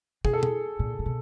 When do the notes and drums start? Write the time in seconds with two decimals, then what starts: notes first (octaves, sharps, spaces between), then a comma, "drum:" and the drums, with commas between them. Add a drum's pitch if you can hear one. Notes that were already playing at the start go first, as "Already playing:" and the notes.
0.25 B2 G#4, drum: kick
0.33 A4
0.43 G#4, drum: tom
0.79 A#2
0.99 A#2
1.06 B2